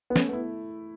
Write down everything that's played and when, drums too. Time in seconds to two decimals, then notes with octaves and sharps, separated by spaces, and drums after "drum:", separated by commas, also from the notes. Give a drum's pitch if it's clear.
0.10 B3
0.16 A3 C#4, drum: snare
0.29 B3
0.33 E4